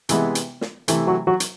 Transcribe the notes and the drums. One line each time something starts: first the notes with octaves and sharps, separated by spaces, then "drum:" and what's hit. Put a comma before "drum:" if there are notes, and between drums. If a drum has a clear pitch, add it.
C3 E3 G#3 B3, drum: hi-hat
drum: hi-hat
drum: snare
C3 E3 A3, drum: hi-hat
F#3 F#4
F#3 F#4
drum: hi-hat